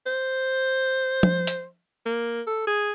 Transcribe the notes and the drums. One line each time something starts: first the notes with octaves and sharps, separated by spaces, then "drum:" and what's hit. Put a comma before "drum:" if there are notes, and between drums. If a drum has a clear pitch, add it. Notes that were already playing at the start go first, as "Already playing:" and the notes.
C5
drum: tom F3
drum: hi-hat
A#3
A4
G#4